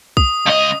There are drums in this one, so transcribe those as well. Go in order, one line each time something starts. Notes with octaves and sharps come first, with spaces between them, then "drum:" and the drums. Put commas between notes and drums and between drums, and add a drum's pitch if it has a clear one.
D#6, drum: kick
C#2 D#5